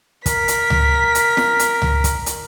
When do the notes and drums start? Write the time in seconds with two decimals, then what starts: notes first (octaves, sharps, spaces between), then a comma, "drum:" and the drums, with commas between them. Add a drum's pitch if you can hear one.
0.26 A#4 B6, drum: kick, hi-hat
0.48 drum: hi-hat
0.70 drum: tom C#2
1.15 drum: hi-hat
1.37 drum: snare
1.59 drum: hi-hat
1.82 drum: tom C#2
2.04 drum: kick, hi-hat
2.26 drum: hi-hat